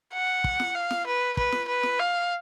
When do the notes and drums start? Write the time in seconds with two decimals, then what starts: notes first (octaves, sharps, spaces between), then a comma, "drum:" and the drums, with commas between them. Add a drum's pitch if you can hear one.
0.14 F#5
0.44 drum: kick
0.60 drum: snare
0.75 F5
0.91 drum: snare
1.06 B4
1.37 B4, drum: kick
1.53 drum: snare
1.68 B4
1.83 drum: snare
1.99 F5